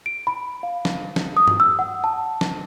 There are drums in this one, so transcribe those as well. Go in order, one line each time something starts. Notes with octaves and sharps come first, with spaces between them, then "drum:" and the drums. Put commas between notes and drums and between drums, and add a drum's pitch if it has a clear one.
D7
B5
F5
drum: snare
drum: snare
D#6
drum: tom G2
E6
F#5
A5
drum: snare